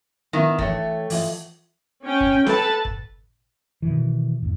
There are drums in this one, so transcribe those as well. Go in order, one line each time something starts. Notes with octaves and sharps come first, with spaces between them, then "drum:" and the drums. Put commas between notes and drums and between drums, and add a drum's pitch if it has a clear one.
D#3 B3 E4
E3 A3 C#5 G5, drum: kick G1
E3 F4 D#5, drum: open hi-hat
C#4 G5
drum: kick G1
A4 B4 A5, drum: snare
drum: kick G1
B2 D#3 E3
E2 A2